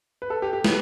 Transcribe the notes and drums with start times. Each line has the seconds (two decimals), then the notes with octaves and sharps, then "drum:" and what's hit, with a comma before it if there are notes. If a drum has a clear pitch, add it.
0.22 B4
0.30 A4
0.42 G4
0.53 G4
0.64 B4, drum: snare